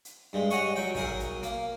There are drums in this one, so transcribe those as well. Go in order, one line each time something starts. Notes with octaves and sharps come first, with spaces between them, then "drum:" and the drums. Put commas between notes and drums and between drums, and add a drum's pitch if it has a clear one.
drum: hi-hat
G2 G#3
C#5 D#5 F#5 G#5 C#6, drum: hi-hat
F#3 G5
B1 G#4 A#4, drum: kick, open hi-hat
drum: hi-hat
A#3, drum: hi-hat